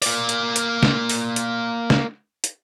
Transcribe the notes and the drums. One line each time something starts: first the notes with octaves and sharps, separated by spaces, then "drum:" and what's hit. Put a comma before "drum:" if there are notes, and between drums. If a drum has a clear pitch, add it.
A#3 D5, drum: open hi-hat
drum: hi-hat
drum: hi-hat
drum: snare
drum: open hi-hat
drum: hi-hat
drum: snare
drum: hi-hat